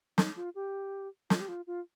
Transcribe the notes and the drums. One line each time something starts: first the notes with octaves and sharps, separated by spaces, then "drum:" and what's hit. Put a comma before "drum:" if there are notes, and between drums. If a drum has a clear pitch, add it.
D#4, drum: snare
F4
G4
F4, drum: snare
G4
F4
F4